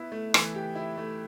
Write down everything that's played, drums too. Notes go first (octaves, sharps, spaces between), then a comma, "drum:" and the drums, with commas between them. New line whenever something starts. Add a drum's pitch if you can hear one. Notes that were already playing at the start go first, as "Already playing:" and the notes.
Already playing: B3 E4
A3
E3, drum: rim click
G4
E4
A3